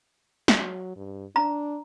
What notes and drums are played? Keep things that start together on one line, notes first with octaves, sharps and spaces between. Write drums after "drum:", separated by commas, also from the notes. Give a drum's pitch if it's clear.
drum: snare
F#3
G2
D4 A#5